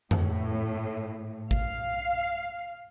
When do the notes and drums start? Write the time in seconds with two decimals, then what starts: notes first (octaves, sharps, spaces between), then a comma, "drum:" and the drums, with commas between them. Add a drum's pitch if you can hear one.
0.11 A2, drum: tom F2
1.51 F5, drum: kick G#1